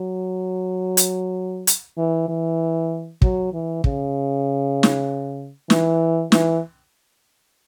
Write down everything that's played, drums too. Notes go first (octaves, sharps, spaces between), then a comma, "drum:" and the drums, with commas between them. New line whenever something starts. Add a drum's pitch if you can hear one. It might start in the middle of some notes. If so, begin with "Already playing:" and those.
Already playing: F#3
drum: hi-hat
drum: hi-hat
E3
E3
F#3, drum: kick
E3
C#3, drum: kick
drum: snare
E3, drum: snare
E3, drum: snare